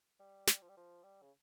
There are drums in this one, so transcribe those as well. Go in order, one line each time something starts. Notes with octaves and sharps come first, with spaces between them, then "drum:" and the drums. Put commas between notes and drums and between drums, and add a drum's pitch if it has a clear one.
G3
drum: snare
F3
G3
F3
G3
C#3